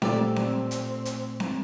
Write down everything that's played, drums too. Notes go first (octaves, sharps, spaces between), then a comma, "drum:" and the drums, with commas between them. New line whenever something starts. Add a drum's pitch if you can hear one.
A#2 A3 C4 G4 A4 D5 E6, drum: snare C4
drum: snare C4
drum: hi-hat
drum: hi-hat
drum: snare C4